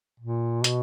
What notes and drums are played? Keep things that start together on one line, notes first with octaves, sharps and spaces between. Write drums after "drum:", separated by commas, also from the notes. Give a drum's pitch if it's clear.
A#2
B2, drum: hi-hat